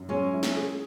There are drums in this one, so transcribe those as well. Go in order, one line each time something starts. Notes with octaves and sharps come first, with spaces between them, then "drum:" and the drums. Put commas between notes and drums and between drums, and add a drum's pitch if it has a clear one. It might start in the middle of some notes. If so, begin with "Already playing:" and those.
Already playing: F#2
F#3 G#3 C#4
E4
drum: snare
G#4